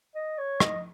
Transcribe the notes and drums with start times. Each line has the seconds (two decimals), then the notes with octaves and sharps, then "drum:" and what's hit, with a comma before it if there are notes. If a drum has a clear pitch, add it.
0.15 D#5
0.38 C#5
0.60 D#5, drum: rim click